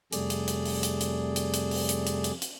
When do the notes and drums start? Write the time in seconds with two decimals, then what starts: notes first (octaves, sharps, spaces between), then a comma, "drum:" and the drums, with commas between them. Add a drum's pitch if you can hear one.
0.13 F2 C3 G3 A3 G#4 D5, drum: hi-hat
0.30 drum: hi-hat
0.48 drum: hi-hat
0.65 drum: open hi-hat
0.83 drum: hi-hat
1.01 drum: hi-hat
1.36 drum: hi-hat
1.54 drum: hi-hat
1.71 drum: open hi-hat
1.89 drum: hi-hat
2.07 drum: hi-hat
2.24 drum: hi-hat
2.42 drum: hi-hat